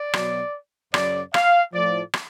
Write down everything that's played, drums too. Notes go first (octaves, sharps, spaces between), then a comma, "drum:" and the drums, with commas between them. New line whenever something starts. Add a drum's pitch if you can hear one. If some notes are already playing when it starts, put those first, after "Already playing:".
Already playing: D5
B2 F#3, drum: rim click
F#2 C#3 F#3 D5, drum: rim click
F5, drum: rim click
A2 F3 D5
drum: rim click